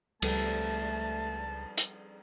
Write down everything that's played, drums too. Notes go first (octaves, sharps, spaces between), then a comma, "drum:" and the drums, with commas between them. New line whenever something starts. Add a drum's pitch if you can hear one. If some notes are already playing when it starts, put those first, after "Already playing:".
C#2 F3 G3 A3 A4 A5, drum: cymbal
drum: hi-hat